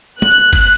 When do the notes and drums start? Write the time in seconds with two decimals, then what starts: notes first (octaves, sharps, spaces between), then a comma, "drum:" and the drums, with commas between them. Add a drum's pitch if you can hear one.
0.22 F#6, drum: tom
0.53 drum: kick G1, cymbal